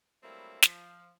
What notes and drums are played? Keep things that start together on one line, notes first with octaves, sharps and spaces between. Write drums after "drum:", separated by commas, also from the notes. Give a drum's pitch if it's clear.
F#3 G3 A3 A#3 C4 E4
F3, drum: snare